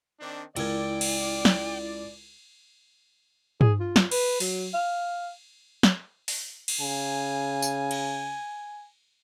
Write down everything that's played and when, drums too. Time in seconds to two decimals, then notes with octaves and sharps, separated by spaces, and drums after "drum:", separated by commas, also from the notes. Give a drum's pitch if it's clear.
0.20 D#3 C4 D4
0.56 C#2 E4 A#4 D5 G5 G#6, drum: cymbal
1.01 drum: cymbal
1.45 drum: snare
3.61 G#4, drum: tom
3.80 F4
3.96 drum: snare
4.11 B4, drum: cymbal
4.40 F#3, drum: open hi-hat
4.74 F5
5.83 drum: snare
6.28 drum: open hi-hat
6.68 drum: cymbal
6.81 C#3 G#5
7.62 drum: tambourine
7.91 drum: cymbal